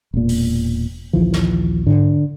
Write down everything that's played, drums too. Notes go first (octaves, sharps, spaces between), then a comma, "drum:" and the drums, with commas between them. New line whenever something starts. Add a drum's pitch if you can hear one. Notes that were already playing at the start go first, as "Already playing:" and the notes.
E1 A#2
drum: open hi-hat
A#1 D#2 E3 F3
drum: snare
D3, drum: tom G#2